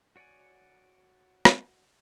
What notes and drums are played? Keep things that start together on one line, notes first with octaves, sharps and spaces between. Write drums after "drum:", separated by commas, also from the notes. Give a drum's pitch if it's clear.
F#4 C#5 D5 F#5 G#5
drum: rim click